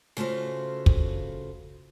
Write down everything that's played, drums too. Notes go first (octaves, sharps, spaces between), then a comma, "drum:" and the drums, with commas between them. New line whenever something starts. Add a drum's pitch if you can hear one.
C#3 A3 F4 F#4 C5
drum: kick